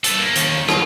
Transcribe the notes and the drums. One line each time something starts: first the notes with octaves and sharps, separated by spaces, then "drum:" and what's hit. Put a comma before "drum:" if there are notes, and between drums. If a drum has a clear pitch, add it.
B3 A4, drum: hi-hat
A#3
D#2, drum: hi-hat
F4, drum: rim click